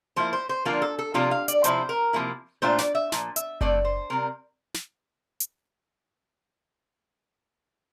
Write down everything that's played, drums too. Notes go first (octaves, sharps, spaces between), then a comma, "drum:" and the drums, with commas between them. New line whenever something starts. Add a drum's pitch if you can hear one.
F3 A#3 E4 C5
C5
C5
D3 F3 A#3 D4 F4 A#4
A4
A4
C3 F3 A#3 D4 F4 G4
F5
D5, drum: hi-hat
C3 F3 C4 E4 C5, drum: hi-hat
A#4
C3 F3 A#3 E4
A#2 A3 D4 F4 C5
D5, drum: snare
E5
A#2 F3, drum: snare
E5, drum: hi-hat
D3 A3 C4 D5, drum: kick F#1
C5
C3 G3 C4 A#4
drum: snare
drum: hi-hat